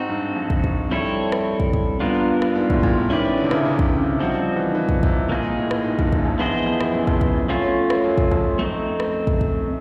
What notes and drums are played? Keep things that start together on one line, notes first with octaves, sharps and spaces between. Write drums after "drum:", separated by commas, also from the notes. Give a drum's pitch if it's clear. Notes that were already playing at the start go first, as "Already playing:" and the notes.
Already playing: G#2 C4 D#4 F#4
G2
F2
drum: kick
drum: kick
G3 C4 E4 A4 C#5
drum: rim click
drum: kick
drum: kick
G2 G3 B3 D4 F4 A#4
drum: rim click
G#2
A2, drum: kick
A#2, drum: kick
D#3
D#3 C#4 E4 G4 B4 D5
D#3
D3
C3
C#3, drum: rim click
C3
drum: kick
C#3
C3
F3 G3 C4 D#4 F#4
F3
E3
D#3
E3
drum: kick
C3, drum: kick
A#2 A#3 D#4 G#4
A2
drum: rim click
G#2
G2, drum: kick
F#2, drum: kick
F2
E2 B3 E4 G#4 C5 D#5
F2
drum: rim click
F#2
F2, drum: kick
F#2, drum: kick
F#3 A3 C#4 F4
drum: rim click
F#2
drum: kick
F2, drum: kick
A3 C4 D#4
drum: rim click
drum: kick
drum: kick